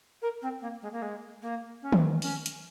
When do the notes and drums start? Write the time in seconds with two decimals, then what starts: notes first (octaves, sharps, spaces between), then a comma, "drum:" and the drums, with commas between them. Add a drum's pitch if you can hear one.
0.22 A#4
0.42 C4
0.61 A#3
0.82 G#3
0.92 A#3
1.02 G#3
1.42 A#3
1.82 C#4
1.92 drum: tom D#3
2.22 C#4, drum: open hi-hat
2.46 drum: hi-hat